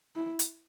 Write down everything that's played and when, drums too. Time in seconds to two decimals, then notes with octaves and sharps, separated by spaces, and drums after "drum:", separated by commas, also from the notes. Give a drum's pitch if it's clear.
0.16 E4
0.39 drum: hi-hat